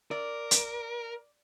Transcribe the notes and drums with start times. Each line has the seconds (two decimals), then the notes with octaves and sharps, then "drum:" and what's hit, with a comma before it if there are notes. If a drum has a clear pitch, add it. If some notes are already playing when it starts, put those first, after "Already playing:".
0.11 A#4 D5
0.51 drum: hi-hat